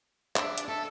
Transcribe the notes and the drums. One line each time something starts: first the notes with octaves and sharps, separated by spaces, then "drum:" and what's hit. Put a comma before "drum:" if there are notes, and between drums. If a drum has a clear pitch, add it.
D4 E5, drum: clap
drum: hi-hat
A4 E5 A5